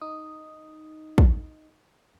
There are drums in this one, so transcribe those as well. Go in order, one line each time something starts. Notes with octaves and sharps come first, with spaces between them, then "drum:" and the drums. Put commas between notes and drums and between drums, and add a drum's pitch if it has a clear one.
D#4 D#6
drum: kick